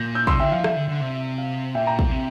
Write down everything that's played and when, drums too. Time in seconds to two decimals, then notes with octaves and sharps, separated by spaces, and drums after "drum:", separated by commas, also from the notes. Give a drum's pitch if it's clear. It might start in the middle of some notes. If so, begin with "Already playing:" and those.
Already playing: A#2 G6 A#6
0.15 E6 G6
0.27 C3 C6 E6, drum: kick
0.39 D3 E5 G5
0.52 F3 F5
0.64 E3 E5, drum: rim click
0.76 D3
0.88 D3
1.01 C3
1.38 F5
1.75 A#2 E5 G5
1.87 G5 A#5
1.99 drum: kick
2.11 C3